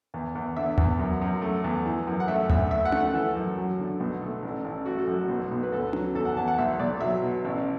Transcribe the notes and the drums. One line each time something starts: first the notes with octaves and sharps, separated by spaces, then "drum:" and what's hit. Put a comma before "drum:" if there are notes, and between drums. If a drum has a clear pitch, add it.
E2
E2
D3 E5
E2, drum: tom D#2
F#2
F#2
A3
E2
E3
F#2
F#5
A3 E5
D2 E5, drum: tom D#2
A3 E5
F#5
A3, drum: tom C#4
F#5
E3 A4
F#2
F#3
D3
B1
A3
A1
A1
A3 F#4
A4
F#2 F#4
B1
B1
B4
D2 A4
F#3, drum: tom C#4
E2 A4
F#5
E2 A5
F#5
B1 E5
B1 D5
F#3 E5
B2
A1